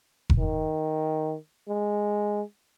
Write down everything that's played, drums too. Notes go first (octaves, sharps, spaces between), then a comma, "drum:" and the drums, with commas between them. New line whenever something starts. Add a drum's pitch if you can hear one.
drum: kick F1
D#3
G#3